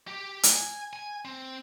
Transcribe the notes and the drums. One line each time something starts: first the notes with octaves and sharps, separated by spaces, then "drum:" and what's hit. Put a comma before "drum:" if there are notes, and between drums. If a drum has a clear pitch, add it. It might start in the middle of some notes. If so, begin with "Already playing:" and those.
G4
G#5, drum: hi-hat
G#5
C4